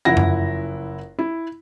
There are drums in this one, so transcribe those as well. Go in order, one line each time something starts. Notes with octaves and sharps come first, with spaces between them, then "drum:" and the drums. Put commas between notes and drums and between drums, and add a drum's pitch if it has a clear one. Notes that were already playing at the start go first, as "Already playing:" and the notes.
F#1 F3 E4 F#5 A#6
drum: tom F#2
E4